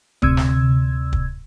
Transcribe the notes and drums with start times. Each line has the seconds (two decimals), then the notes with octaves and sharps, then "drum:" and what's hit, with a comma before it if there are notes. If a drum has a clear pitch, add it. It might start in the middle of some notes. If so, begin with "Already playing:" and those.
0.22 D2 C3 E6 G#6, drum: kick
0.37 drum: snare
1.13 drum: kick